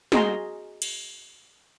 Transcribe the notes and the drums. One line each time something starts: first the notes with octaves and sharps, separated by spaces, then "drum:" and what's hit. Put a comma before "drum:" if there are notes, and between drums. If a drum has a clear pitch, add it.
F#4 G#4 D#5 A#5 C6, drum: snare
drum: cymbal